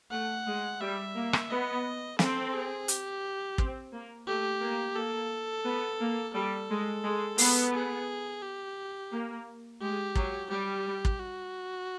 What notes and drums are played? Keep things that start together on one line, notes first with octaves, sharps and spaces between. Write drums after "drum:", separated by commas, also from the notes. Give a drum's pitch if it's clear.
A3 F#5
G#3
G3 E5
A#3
drum: rim click
B3 D#5
C4 A4, drum: snare
G#4
G4, drum: hi-hat
C4, drum: kick
A#3
A3 G4
A#3
A#3 A4
B3
A#3
G3 A4
G#3
G#3
B3, drum: open hi-hat
G#4
G4
A#3
G#3 G4
F#3, drum: kick
G3 G4
drum: kick
F#4